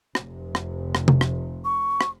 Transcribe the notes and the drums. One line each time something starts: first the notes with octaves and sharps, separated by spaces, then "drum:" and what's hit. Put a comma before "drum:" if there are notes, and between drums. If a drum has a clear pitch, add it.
F1 C3, drum: rim click
drum: rim click
drum: rim click
drum: tom C3
drum: rim click
C#6
drum: rim click